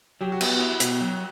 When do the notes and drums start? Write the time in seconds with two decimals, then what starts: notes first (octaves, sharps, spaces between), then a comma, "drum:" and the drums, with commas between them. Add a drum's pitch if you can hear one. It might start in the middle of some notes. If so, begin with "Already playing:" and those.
0.21 F#3 G4
0.32 F#4
0.41 B3, drum: cymbal
0.55 E4 F#4
0.80 B2, drum: hi-hat
1.01 F#3